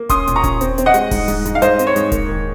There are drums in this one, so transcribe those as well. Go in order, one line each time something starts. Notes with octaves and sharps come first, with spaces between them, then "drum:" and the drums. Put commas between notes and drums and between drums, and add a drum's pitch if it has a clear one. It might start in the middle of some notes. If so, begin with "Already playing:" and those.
Already playing: A#3
C#4 C6 D#6, drum: kick D#1, hi-hat
A#2, drum: hi-hat
A#5 C#6
C#4, drum: kick D#1, hi-hat
C4, drum: hi-hat
C4, drum: hi-hat
D#5 F#5
G#3, drum: hi-hat
G#2, drum: kick D#1, open hi-hat
G#2, drum: hi-hat
G#2, drum: hi-hat
F5
G#2 C5 D#5, drum: hi-hat
C4, drum: hi-hat
C#5
G#2, drum: hi-hat
A#3, drum: kick D#1, hi-hat
D#3